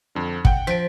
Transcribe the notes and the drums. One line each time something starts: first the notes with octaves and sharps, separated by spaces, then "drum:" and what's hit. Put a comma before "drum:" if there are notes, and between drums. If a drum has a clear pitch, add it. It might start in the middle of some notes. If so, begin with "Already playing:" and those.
F2 D3
F#5 G5, drum: kick
F3 B6 D7